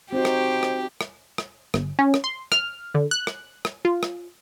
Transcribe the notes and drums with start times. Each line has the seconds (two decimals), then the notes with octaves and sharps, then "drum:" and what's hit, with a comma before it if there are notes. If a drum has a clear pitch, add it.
0.13 C4 D#4 F#4 G4 C5
0.25 drum: rim click
0.63 drum: rim click
1.01 drum: rim click
1.38 drum: rim click
1.74 G1, drum: rim click
1.99 C#4
2.14 drum: rim click
2.24 C6
2.52 F6, drum: rim click
2.94 D3
3.11 F#6
3.27 drum: rim click
3.65 drum: rim click
3.85 F4
4.03 drum: rim click